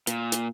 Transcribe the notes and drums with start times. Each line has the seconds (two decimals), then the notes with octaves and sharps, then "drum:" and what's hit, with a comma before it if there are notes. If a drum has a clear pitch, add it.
0.07 A#2, drum: hi-hat
0.32 drum: hi-hat